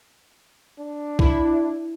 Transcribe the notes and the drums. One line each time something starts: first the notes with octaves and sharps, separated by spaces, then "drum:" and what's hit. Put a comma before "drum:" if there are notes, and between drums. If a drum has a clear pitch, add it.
D4
E4, drum: kick